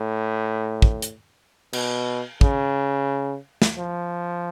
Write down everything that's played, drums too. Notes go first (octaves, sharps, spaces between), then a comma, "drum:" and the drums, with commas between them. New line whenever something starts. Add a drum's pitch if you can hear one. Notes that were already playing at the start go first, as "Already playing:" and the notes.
Already playing: A2
drum: kick
drum: hi-hat
B2, drum: cymbal
C#3, drum: kick
drum: snare
F3